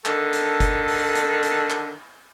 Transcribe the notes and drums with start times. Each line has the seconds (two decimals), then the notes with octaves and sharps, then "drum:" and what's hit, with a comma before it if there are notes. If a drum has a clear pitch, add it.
0.05 D3 D#3 A4, drum: clap
0.33 drum: hi-hat
0.60 drum: kick F#1, hi-hat
0.88 drum: open hi-hat
1.15 drum: hi-hat
1.43 drum: hi-hat
1.70 drum: clap